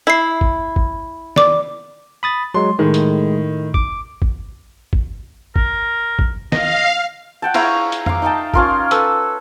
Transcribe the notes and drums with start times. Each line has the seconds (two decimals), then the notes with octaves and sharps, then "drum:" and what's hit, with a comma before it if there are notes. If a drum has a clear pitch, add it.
0.07 E4 E5 C7
0.41 drum: kick
0.76 drum: kick
1.36 D5 D6, drum: snare
2.23 B5 D#6 A6
2.54 F#3 G#3 C6
2.79 A2 D#3 G#3
2.94 drum: hi-hat
3.74 D6, drum: kick
4.22 drum: kick
4.93 drum: kick
5.56 A#4, drum: kick
6.19 drum: kick
6.52 D#5 F5, drum: snare
7.42 F#5 G5 A5
7.54 E4 F5 A#5 C#6, drum: cymbal
7.92 drum: hi-hat
8.06 F5 D6, drum: tom
8.22 D#4 D#5 G5 A5
8.54 C#4 F4 A#4, drum: kick
8.91 A4 B4 E6, drum: hi-hat